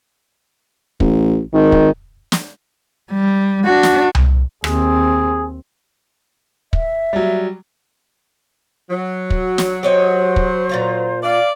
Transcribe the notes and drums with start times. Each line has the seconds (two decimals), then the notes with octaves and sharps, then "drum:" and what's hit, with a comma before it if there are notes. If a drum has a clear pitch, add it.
1.00 A1, drum: kick
1.54 G#1 D#3
1.72 drum: kick
2.32 drum: snare
3.12 G3
3.65 D4 F#4
3.83 drum: snare
4.15 drum: tom C2
4.64 D#2 C4 G#4, drum: rim click
6.73 E5, drum: kick
7.13 F#3 G3
8.90 F#3
9.30 drum: kick
9.58 drum: snare
9.83 G4 C5 C#5 D#5
10.36 drum: kick
10.69 A#2 F4 A#5
11.23 D5 F5